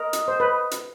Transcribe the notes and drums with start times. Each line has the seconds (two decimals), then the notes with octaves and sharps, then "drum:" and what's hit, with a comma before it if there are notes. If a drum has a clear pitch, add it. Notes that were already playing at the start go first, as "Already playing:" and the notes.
Already playing: A#4 D#5
0.13 drum: hi-hat
0.28 C5
0.40 B4
0.71 drum: hi-hat